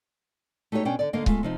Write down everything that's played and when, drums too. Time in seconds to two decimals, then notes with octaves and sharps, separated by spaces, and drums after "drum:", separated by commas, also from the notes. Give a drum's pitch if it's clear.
0.72 A3 D#4 F#4 G4 C#5
0.85 B2 C#4 D4 G5
0.99 D3 D5
1.13 D2 D3 A#3 D#5 F5
1.26 G#3 A3 B3 F4, drum: kick C#1
1.43 C3 F3 D#4